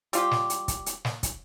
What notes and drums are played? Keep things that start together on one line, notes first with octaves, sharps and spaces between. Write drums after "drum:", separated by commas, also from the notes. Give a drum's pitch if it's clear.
G3 F4 G4, drum: hi-hat
drum: snare
drum: hi-hat
drum: kick, hi-hat
drum: hi-hat
drum: snare
drum: kick, hi-hat